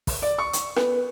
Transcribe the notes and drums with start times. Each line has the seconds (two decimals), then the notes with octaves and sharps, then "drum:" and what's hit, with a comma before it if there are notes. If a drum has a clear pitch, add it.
0.07 drum: kick, open hi-hat
0.22 D5
0.38 C#6
0.53 drum: hi-hat
0.76 B3, drum: rim click